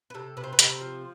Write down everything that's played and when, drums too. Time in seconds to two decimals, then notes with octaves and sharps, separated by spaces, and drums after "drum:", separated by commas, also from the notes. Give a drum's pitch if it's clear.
0.10 B4
0.14 C3 A4
0.37 C3 B4
0.44 C5
0.53 B4
0.59 C3, drum: hi-hat
0.70 C5
0.81 F3